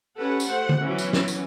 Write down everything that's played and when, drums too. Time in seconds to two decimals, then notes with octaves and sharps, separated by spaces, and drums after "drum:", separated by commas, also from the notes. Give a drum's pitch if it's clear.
0.19 C#4 G4 A4 B4 F#5
0.40 drum: tambourine
0.49 A3 C5 F#5
0.69 drum: tom
0.84 E3 F#3 B3 C#4
0.98 drum: tambourine
1.13 drum: snare
1.28 drum: tambourine